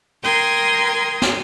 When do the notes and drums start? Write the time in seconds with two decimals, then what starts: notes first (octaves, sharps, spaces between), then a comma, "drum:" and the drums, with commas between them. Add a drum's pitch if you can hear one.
0.23 A#4 G5 C6 D#6 G#6
1.22 drum: snare